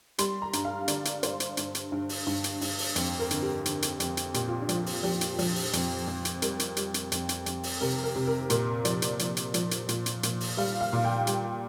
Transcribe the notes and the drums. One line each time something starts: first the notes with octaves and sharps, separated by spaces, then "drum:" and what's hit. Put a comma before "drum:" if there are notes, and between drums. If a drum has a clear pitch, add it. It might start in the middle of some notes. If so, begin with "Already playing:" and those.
G3 C6, drum: hi-hat
A#5
G2, drum: hi-hat
F5
D3 D5, drum: hi-hat
drum: hi-hat
G2 C5, drum: hi-hat
drum: hi-hat
G2, drum: hi-hat
drum: hi-hat
G2
drum: open hi-hat
G2
drum: hi-hat
G2, drum: open hi-hat
drum: open hi-hat
F2, drum: hi-hat
A#4
D3, drum: hi-hat
G4
D3, drum: hi-hat
drum: hi-hat
F2, drum: hi-hat
drum: hi-hat
A#2 G4, drum: hi-hat
F4
D4
F3, drum: hi-hat
F4
drum: open hi-hat
F3 G4
drum: hi-hat
F3, drum: open hi-hat
drum: open hi-hat
F2, drum: hi-hat
F2
drum: hi-hat
G3 A#4, drum: hi-hat
drum: hi-hat
G3, drum: hi-hat
drum: hi-hat
F2, drum: hi-hat
drum: hi-hat
F2, drum: hi-hat
drum: open hi-hat
C3 A#4
A#4
C3
A#4
A#2 A#4, drum: hi-hat
F3 D5, drum: hi-hat
drum: hi-hat
F3, drum: hi-hat
drum: hi-hat
F3, drum: hi-hat
drum: hi-hat
A#2, drum: hi-hat
drum: hi-hat
A#2, drum: hi-hat
drum: open hi-hat
G3 F5
F5
A#2
G5
G3, drum: hi-hat